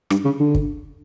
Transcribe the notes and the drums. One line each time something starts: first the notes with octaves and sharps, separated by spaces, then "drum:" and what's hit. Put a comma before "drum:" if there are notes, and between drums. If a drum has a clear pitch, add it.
G2, drum: rim click
C#3
D3
drum: kick